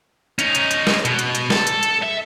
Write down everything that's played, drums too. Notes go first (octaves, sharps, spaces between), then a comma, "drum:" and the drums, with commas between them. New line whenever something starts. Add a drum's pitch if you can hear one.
C#4 D#4, drum: hi-hat
drum: hi-hat
drum: hi-hat
drum: snare
B2, drum: hi-hat
drum: hi-hat
drum: hi-hat
A4, drum: snare
drum: hi-hat
drum: hi-hat
E5